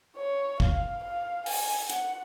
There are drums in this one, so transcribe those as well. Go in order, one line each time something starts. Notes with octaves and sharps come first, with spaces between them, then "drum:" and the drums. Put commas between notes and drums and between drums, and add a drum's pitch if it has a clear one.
C#5
F5, drum: kick
F5
G#5, drum: open hi-hat
F#5, drum: hi-hat